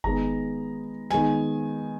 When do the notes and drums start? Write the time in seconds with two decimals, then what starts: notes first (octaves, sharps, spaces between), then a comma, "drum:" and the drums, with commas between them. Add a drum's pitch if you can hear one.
0.04 D#3 G#3 B3 A#5, drum: kick F#1
1.11 D#3 G#3 B3 G#5, drum: snare